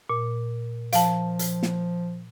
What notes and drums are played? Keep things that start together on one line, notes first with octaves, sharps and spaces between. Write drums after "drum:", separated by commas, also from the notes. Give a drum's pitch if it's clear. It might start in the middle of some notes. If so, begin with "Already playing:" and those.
A#2
F3 F5 A5, drum: hi-hat
drum: hi-hat
drum: snare